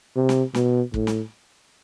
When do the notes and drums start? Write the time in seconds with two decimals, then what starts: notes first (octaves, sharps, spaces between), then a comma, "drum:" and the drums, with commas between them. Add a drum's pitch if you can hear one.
0.16 C3
0.29 drum: snare
0.55 B2, drum: snare
0.94 A2, drum: kick
1.07 drum: snare